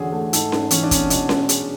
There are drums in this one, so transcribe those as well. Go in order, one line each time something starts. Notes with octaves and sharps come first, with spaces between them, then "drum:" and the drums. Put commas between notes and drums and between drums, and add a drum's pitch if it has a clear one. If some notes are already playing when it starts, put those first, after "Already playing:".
Already playing: E2 D3 C#4 F#4 G#4
A3
G#2 A4, drum: hi-hat
G#2, drum: snare C#4
E3 C#4, drum: hi-hat
D4
B3 C#4, drum: kick, hi-hat
B2, drum: hi-hat
D4, drum: snare C#4
G#3, drum: hi-hat